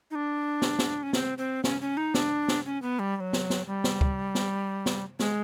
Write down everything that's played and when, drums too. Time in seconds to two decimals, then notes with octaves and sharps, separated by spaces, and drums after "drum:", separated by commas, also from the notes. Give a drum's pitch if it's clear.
0.11 D#4
0.15 D4
0.62 drum: snare
0.79 drum: snare
1.03 C#4
1.13 C#4, drum: snare
1.17 C4
1.38 C4
1.64 C#4, drum: snare
1.81 C#4
1.97 D#4
2.14 D4, drum: snare
2.48 drum: snare
2.65 C#4
2.82 B3
2.99 G3
3.16 G3
3.20 F#3
3.33 drum: snare
3.50 drum: snare
3.67 G3
3.84 drum: snare
4.01 drum: kick
4.35 drum: snare
4.86 drum: snare
5.19 G#3, drum: snare